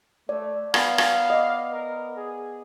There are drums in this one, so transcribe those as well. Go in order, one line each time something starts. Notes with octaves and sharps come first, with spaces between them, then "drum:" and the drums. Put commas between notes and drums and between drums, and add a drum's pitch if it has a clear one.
A3 D5
B3 F5, drum: rim click
drum: rim click
D#5 D6
A#4
G#4